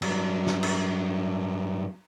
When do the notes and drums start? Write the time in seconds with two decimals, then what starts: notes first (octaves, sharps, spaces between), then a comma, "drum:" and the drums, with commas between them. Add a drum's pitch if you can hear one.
0.02 G2 F#3, drum: cymbal
0.47 drum: snare
0.63 drum: cymbal